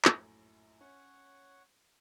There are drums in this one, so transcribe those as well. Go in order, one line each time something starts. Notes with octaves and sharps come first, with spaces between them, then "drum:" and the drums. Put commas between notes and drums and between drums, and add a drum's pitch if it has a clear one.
A#1 F#2 A2, drum: clap
C#4 C#5 F#5